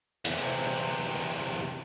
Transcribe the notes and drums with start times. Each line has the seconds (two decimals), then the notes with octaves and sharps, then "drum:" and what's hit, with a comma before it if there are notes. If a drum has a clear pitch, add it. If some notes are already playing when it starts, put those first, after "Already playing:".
0.25 E2 C3, drum: hi-hat